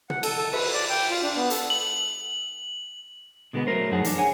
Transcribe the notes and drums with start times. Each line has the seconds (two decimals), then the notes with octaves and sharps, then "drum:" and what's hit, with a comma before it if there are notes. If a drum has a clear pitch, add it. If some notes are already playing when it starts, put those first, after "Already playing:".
0.10 F#5, drum: tom
0.23 A4, drum: cymbal
0.36 A4
0.53 B4, drum: cymbal
0.73 D5
0.89 G5
1.10 F4
1.23 D4
1.36 B3
1.50 A4, drum: hi-hat
1.70 F#7
3.53 B2 D3 G#3 B3 B4
3.67 F#3 A3 A#4 C5
3.92 F#2 D#4 G#4 F#5 A5
4.05 E3 D4, drum: hi-hat
4.17 C#5 F#5 G#5